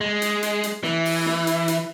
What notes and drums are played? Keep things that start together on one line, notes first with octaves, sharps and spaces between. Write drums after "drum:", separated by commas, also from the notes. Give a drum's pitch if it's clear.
G#3
drum: hi-hat
drum: hi-hat
drum: hi-hat
E3, drum: snare
drum: open hi-hat
drum: snare
drum: hi-hat
drum: hi-hat